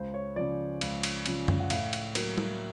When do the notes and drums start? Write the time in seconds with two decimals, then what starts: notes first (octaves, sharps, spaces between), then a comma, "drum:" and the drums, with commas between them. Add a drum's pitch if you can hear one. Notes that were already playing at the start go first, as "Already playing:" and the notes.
Already playing: C#2 C5
0.14 C#5
0.36 C#3 F3 D5
0.81 C#2, drum: cymbal
1.03 drum: cymbal
1.26 C#3 F3, drum: cymbal
1.48 drum: tom F#2
1.60 F#5
1.70 A2 F5, drum: cymbal
1.93 drum: cymbal
2.15 F#3 A#3, drum: cymbal
2.38 drum: tom G3